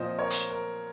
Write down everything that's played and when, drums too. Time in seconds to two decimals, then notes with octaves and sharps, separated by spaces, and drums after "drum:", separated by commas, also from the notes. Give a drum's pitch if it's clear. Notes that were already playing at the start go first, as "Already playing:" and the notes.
Already playing: A#2 F3 C4 C5 D#5
0.19 A#4 C#5
0.30 drum: hi-hat
0.50 A#4